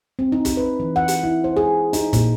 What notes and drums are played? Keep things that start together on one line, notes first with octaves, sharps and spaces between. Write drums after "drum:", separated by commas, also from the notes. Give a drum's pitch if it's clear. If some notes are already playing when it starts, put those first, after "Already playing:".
C4
D#4
drum: kick, hi-hat
B4
E3
F#5
drum: hi-hat
E4
C5
G#4
D#4, drum: hi-hat
A#2, drum: kick, hi-hat